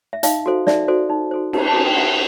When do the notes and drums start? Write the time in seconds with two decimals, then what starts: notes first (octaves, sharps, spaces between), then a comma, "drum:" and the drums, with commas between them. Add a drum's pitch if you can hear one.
0.13 E5
0.23 D#4 D#5 F5, drum: hi-hat
0.46 F#4 A4 C5
0.67 D#4 D5 E5, drum: snare
0.88 F#4 A4 C5
1.09 D#4
1.31 F#4 A4 C5
1.53 D#4 A#5, drum: cymbal
1.68 A5
1.75 F#4 A4 C5 G#5
1.86 G5
1.96 E4 E5 F#5